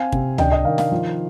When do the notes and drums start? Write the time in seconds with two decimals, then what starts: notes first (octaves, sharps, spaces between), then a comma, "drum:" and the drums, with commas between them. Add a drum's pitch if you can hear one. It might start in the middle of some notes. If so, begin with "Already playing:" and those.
Already playing: C4 F5 G#5
0.12 C3, drum: kick
0.38 D4 D#5 G5, drum: tom C#2
0.52 D#5 G5
0.65 D#3 F5
0.78 F5, drum: snare
0.91 F3